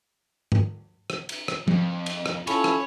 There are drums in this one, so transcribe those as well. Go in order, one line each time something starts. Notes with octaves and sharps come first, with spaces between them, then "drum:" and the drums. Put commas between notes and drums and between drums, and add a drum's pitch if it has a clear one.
drum: tom
drum: rim click
drum: cymbal
drum: rim click
F2, drum: tom
drum: cymbal
drum: rim click
C#4 E4 F4 A4 C#5 B5, drum: cymbal
drum: rim click